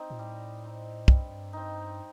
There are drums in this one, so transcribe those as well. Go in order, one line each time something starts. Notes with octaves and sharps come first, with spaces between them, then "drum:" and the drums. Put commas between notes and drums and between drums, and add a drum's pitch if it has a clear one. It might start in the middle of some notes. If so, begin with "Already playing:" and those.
Already playing: C4 D#4
A#2
A2 G3
C4 D#4
G2 G3, drum: kick
C4 D#4